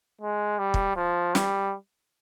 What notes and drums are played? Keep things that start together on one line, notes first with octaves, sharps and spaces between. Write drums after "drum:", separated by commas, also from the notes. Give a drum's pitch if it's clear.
G#3
G3
drum: kick
F3
G3, drum: snare